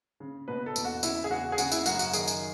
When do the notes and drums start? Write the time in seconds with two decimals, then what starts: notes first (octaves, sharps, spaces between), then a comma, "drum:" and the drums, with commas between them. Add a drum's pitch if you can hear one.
0.20 C#3
0.48 B2 B4
0.66 A4
0.76 E2, drum: tambourine
0.85 F#4
1.03 C#3 E4, drum: tambourine
1.24 G#4
1.31 E2 F#4
1.52 G#4
1.58 C#3 F#4, drum: tambourine
1.72 E4, drum: tambourine
1.86 F#2 F#4, drum: tambourine
1.99 F#4, drum: tambourine
2.13 D#3 G#4, drum: tambourine
2.28 drum: tambourine